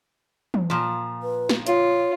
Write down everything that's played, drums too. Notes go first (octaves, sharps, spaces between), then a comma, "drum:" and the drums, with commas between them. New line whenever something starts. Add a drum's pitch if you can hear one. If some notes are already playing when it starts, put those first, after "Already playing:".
drum: tom E3
A#2 F3
B4
drum: snare
F4 C#5, drum: hi-hat